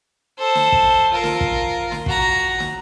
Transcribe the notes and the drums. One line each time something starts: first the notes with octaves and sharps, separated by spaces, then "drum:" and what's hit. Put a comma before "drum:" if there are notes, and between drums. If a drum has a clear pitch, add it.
A4 C5
drum: snare
drum: kick
F4 A#4
drum: snare
drum: kick
drum: snare
F#4 A#5, drum: kick
drum: snare